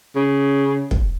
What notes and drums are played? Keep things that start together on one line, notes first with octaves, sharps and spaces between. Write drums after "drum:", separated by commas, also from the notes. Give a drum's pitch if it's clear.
C#3
drum: kick